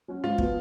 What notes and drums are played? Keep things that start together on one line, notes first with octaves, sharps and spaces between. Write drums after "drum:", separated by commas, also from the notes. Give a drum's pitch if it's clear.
F#3 C#4 F#4
G#2 F4
F3 B3 F#4, drum: kick